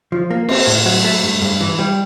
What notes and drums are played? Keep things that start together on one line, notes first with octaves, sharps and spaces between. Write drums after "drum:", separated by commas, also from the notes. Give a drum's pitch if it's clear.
F3
A#3
C4, drum: cymbal
A2
F#3
A3
G2
G2
E3
G3